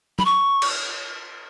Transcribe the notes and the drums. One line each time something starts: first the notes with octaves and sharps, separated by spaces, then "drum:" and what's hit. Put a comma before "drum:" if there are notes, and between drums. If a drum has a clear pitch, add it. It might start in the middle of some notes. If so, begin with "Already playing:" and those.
B5, drum: tom
C#6
drum: cymbal